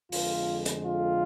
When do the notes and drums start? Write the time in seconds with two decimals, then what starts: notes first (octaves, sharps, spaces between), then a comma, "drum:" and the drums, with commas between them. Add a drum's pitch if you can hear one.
0.12 F2 D3 G#3 F4, drum: open hi-hat
0.66 drum: hi-hat
0.84 F4